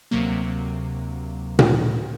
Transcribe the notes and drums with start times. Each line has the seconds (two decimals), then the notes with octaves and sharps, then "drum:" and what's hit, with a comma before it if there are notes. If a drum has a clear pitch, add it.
0.11 D2 C3 F#3 A#3
1.59 drum: tom A#2